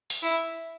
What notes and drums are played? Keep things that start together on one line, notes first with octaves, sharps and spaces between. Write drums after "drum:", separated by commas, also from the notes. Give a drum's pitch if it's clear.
drum: open hi-hat
E4